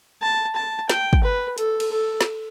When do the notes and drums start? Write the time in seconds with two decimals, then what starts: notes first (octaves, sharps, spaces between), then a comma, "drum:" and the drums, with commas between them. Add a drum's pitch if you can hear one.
0.22 A5
0.56 A5
0.90 G5, drum: snare
1.13 drum: kick
1.24 B4
1.58 A4, drum: hi-hat
1.80 drum: cymbal
1.92 A4
2.21 drum: snare